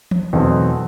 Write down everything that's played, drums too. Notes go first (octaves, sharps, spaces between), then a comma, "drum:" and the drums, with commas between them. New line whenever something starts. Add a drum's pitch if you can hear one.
drum: tom E3
E2 B2 F#3 A3 C4